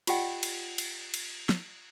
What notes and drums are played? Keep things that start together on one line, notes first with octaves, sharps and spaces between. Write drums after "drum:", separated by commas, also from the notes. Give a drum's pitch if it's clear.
F4 G4 D5 D#5 F#5 G5, drum: cymbal
drum: cymbal
drum: cymbal
drum: cymbal
drum: snare